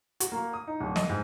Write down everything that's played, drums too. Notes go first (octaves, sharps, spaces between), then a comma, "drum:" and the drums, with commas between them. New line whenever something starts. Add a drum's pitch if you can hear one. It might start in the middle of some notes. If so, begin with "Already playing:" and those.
F#4, drum: hi-hat
A#3
D#6
D#4
D1
D#5, drum: snare
G#2